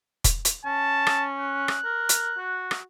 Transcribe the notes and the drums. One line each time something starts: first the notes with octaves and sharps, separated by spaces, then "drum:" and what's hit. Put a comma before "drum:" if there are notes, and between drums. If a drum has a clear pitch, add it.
drum: kick, hi-hat
drum: hi-hat
C#4 A5
drum: rim click
F#6
drum: rim click
A#4
drum: hi-hat
F#4
drum: rim click